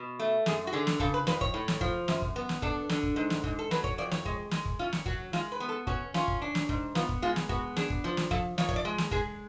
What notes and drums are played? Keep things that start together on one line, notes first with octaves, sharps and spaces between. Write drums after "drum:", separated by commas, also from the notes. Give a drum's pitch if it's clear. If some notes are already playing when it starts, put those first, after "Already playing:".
Already playing: B2
A3
F#2 G#4, drum: snare
F#4
D3 G#4
drum: snare
C#3 A4, drum: kick
B4
F2 B4, drum: snare
C#5, drum: kick
A2
drum: snare
F3, drum: kick
F#2, drum: snare
drum: kick
B3
drum: snare
D4 A4, drum: kick
D3, drum: snare
drum: kick
G#2
drum: snare
G#2, drum: kick
A4
F#3 B4, drum: snare
C#5, drum: kick
F2 D5
C#5, drum: snare
G#3, drum: kick
G#3, drum: snare
drum: kick
C#4 F4
drum: snare
F#3 F#4, drum: kick
G#3 F4, drum: snare
B4
B3
A4
C#4 F#4, drum: kick
C#4 F4, drum: snare
drum: kick
D4
drum: snare
G#2, drum: kick
B3 F4, drum: snare
drum: kick
G#3 F4
drum: snare
B3 F#4, drum: kick
D4 G#4, drum: snare
drum: kick
F3
drum: snare
F3 A4, drum: kick
F3 C#5, drum: snare
C#5, drum: kick
D5
G#3
drum: snare
G#3 G#4, drum: kick